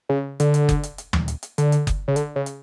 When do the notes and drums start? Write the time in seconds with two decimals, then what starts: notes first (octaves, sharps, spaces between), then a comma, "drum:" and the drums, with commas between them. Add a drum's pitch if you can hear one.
0.09 C#3
0.40 D3, drum: hi-hat
0.54 drum: hi-hat
0.69 drum: kick F#1, hi-hat
0.83 drum: hi-hat
0.98 drum: hi-hat
1.13 drum: tom
1.28 drum: hi-hat
1.43 drum: hi-hat
1.58 D3, drum: hi-hat
1.72 drum: hi-hat
1.87 drum: kick F#1, hi-hat
2.08 C#3
2.16 D3, drum: hi-hat
2.36 C#3
2.46 drum: hi-hat